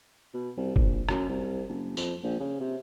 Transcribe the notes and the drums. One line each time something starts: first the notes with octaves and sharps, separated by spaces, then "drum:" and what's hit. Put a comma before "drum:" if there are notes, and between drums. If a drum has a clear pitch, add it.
B2
C2
A#1, drum: kick
F#2, drum: rim click
C2
F#1
F2, drum: tambourine
A#1
C#3
C3